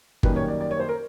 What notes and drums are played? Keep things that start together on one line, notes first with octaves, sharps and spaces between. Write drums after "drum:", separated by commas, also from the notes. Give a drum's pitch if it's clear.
F#2 D#3 G3 A#3 B4, drum: kick G1
C#5
D5
D5
C#5
C5
A#4